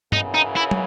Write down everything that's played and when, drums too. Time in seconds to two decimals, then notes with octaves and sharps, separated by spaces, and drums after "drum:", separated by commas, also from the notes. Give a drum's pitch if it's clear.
0.12 F#2 C#3 E3 D#4, drum: tom G2
0.35 D#4
0.56 E4
0.71 drum: tom